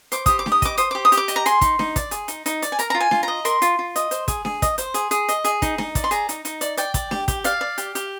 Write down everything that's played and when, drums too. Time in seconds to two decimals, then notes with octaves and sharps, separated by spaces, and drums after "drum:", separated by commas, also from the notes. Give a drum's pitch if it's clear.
0.12 C5 D6, drum: hi-hat
0.26 G4 D#6, drum: kick, hi-hat
0.39 D6
0.46 G4, drum: snare D4
0.52 D#6
0.62 D#5 D6, drum: kick, hi-hat
0.78 C5 D#6, drum: hi-hat
0.91 G4 D6
1.05 D#6
1.12 G4, drum: hi-hat
1.17 D6
1.28 D#5, drum: hi-hat
1.36 A#5
1.46 G#4 C6, drum: hi-hat
1.61 D#4, drum: kick, hi-hat
1.79 D#4, drum: snare D4
1.96 D5, drum: kick, hi-hat
2.11 G#4, drum: hi-hat
2.28 D#4, drum: hi-hat
2.46 D#4, drum: hi-hat
2.62 D5, drum: hi-hat
2.72 G#5
2.79 A#4 A#5, drum: hi-hat
2.90 F4 A#5
3.00 G#5
3.11 F4, drum: snare D4
3.23 D#5 A#5
3.45 A#4 C6, drum: hi-hat
3.62 F4, drum: hi-hat
3.79 F4
3.96 D#5, drum: hi-hat
4.11 C5, drum: hi-hat
4.28 G#4, drum: kick, hi-hat
4.45 G#4, drum: snare D4
4.62 D#5, drum: kick, hi-hat
4.78 C5, drum: hi-hat
4.94 G#4, drum: hi-hat
5.11 G#4, drum: hi-hat
5.29 D#5, drum: hi-hat
5.45 G#4, drum: hi-hat
5.62 D#4, drum: kick, hi-hat
5.78 D#4, drum: snare D4
5.95 D5, drum: kick, hi-hat
6.04 C6
6.11 G#4 A#5, drum: hi-hat
6.29 D#4, drum: hi-hat
6.45 D#4, drum: hi-hat
6.61 D5, drum: hi-hat
6.77 D5 G5, drum: hi-hat
6.94 D5, drum: kick, hi-hat
7.11 G4, drum: snare D4
7.28 G4, drum: kick, hi-hat
7.44 D5 F5, drum: hi-hat
7.61 D5
7.78 G4, drum: hi-hat
7.95 G4, drum: hi-hat